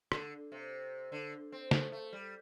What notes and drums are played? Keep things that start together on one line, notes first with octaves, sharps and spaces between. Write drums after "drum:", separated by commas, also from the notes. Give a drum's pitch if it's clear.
D3, drum: rim click
C3
D3
C4
A3, drum: snare
A3
G3